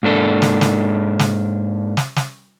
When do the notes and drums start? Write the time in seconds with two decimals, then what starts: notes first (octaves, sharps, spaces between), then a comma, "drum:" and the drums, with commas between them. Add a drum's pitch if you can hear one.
0.03 G#2 A#3 D4 A4
0.42 drum: snare
0.61 drum: snare
1.19 drum: snare
1.97 drum: snare
2.16 drum: snare